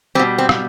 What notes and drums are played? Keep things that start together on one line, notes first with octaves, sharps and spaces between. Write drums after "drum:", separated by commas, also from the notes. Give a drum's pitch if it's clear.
B2 G3 C4
C4
drum: rim click